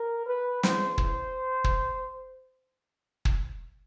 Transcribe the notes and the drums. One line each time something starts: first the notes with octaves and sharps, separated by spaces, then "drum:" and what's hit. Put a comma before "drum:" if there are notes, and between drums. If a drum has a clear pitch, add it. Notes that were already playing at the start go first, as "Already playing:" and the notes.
Already playing: A#4
B4
E2 C#3 E3 C5, drum: snare
drum: kick
drum: kick
drum: kick